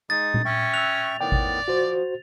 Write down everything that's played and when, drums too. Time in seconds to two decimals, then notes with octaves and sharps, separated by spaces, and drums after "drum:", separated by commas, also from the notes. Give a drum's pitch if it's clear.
0.10 G#3 D#4 D#6 A6
0.34 drum: tom A#2
0.45 C#4 E5 G5 C#6
0.74 E6 F#6 F7
1.21 A2 D#3 B3 D5 G5
1.32 drum: kick G#1
1.68 F3 F#4 C5